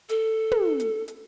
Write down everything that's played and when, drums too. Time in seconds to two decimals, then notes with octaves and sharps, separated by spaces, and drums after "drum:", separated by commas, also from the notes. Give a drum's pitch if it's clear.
0.09 A4, drum: hi-hat
0.51 drum: tom
0.80 drum: hi-hat
1.08 drum: hi-hat